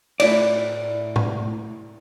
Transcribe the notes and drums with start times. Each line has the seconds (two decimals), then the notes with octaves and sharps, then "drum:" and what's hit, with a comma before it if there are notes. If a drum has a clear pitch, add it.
0.20 A2 E4 D5, drum: cymbal
1.16 drum: tom